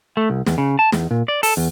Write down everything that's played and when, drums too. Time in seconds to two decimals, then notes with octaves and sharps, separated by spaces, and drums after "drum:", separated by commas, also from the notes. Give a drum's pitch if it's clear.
0.17 A3
0.30 C2
0.46 E2, drum: snare
0.58 C#3
0.79 A5
0.92 E2, drum: snare
1.11 A#2
1.28 D5
1.43 A4, drum: open hi-hat
1.57 E2